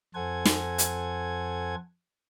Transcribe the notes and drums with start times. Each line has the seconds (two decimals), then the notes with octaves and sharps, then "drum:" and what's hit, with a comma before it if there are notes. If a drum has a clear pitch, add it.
0.15 F2 A4 C5 F#5 G#5 G#6
0.45 drum: snare
0.78 drum: hi-hat